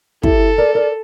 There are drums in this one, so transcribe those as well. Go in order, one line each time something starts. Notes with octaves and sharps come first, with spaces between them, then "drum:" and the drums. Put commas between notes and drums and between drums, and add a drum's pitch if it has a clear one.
E4 G4 A4, drum: kick
A#4 D5
A#4 D5